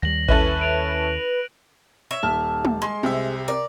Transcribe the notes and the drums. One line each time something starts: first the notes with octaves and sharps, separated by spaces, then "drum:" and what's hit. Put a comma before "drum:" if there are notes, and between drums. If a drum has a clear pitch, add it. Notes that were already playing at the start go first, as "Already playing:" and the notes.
D#2 G3 A#6 F#7
C#4 E4 A4 B4 F#6 D#7 F#7, drum: kick A1
D7 F7
C#5 E5
D#1 A5 F6
drum: tom
G#3 C6
C2 C3 G4 E5
A#4 D5